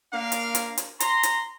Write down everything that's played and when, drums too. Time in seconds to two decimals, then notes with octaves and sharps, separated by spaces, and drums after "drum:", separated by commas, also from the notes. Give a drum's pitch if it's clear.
0.13 A#3 D4 A#4 F5
0.32 drum: hi-hat
0.55 drum: hi-hat
0.78 drum: hi-hat
1.00 A#5 C6, drum: hi-hat
1.23 drum: hi-hat